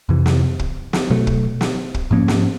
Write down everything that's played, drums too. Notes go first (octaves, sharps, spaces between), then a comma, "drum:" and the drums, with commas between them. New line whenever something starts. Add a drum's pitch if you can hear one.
F2 C3 E3
drum: snare
drum: kick
drum: snare
B2 F#3 A3
drum: kick
drum: snare
drum: kick
G#2 F3 A#3 C#4
drum: snare